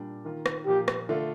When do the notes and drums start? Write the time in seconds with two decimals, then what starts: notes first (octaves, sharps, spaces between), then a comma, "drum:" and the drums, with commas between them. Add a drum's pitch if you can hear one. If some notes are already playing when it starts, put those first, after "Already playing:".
Already playing: A#2 G3 D4
0.25 D#3 A#3 F4
0.46 drum: rim click
0.66 A#2 F3 A#3 F4 G4
0.88 drum: rim click
1.09 D3 A3 D4 F4